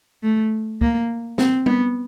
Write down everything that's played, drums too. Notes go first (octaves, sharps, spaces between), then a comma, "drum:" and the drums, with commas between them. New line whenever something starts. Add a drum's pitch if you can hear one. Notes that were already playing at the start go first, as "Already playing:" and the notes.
A3
A#3, drum: kick
C4, drum: snare
B3, drum: tom G3